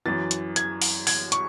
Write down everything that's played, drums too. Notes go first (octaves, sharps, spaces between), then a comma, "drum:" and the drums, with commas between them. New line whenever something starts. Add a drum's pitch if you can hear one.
F#2 E3 A6
drum: hi-hat
G#6, drum: hi-hat
drum: open hi-hat
G#6, drum: open hi-hat
C#6, drum: hi-hat